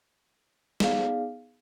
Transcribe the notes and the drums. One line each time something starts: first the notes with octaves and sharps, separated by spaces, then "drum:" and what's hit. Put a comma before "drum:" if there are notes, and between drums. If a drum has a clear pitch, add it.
B3 D#4 G#4 D5 F5, drum: snare